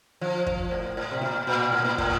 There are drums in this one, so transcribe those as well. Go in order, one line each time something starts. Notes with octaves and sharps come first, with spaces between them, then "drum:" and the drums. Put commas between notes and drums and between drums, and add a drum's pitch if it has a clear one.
F3
F3, drum: kick
A2
A2
C3
A#2
A#2
A2
A#2
A2, drum: kick